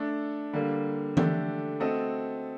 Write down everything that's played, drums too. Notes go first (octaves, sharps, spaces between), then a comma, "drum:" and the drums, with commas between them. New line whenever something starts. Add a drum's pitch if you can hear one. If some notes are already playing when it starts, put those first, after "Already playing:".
Already playing: A3 D4 A4
D3 G3 A#3
D3 A3 D4 G4, drum: tom E3
A3 C4 F#4 A4 D#5